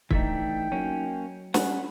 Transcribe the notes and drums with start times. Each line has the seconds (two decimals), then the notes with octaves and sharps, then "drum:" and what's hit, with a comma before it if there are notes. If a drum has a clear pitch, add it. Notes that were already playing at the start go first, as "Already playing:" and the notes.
0.11 E3 A3 D4 D#4 G5 B6, drum: kick
0.72 F#3 A#3 C#4
1.54 G3 C#4 F#5 B5, drum: snare